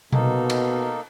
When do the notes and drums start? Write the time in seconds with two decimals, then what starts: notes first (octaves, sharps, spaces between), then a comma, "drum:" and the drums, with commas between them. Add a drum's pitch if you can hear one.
0.13 B2 A#3 D#4 A4, drum: tom B2
0.50 drum: cymbal